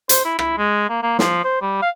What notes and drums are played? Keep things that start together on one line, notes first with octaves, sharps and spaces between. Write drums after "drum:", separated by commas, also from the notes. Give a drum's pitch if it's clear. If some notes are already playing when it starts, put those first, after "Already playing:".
C5, drum: hi-hat
E4
E4, drum: rim click
G#3
A#3
A#3
F3, drum: snare
C5
G3
F5